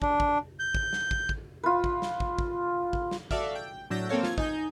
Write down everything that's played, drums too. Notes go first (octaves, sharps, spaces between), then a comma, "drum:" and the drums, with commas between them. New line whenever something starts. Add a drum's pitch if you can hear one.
D4, drum: kick
drum: kick
G6
drum: kick
drum: snare
drum: kick
drum: kick
F4 B4
drum: kick
drum: snare
drum: kick
drum: kick
drum: kick
drum: snare
F#4 A4 D5 E5 F5, drum: kick
G5
A2 F#3 D4 E6 G6 A#6
A#3 C4 A4 C#5 F5
F4 G#6, drum: snare
D#4 G#5 G6, drum: kick